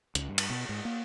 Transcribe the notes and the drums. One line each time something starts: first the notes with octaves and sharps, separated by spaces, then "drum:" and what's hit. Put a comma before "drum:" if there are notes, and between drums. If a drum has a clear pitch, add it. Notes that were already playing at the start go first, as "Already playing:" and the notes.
C#2, drum: hi-hat
G2
drum: cymbal
B2
G#2
A#3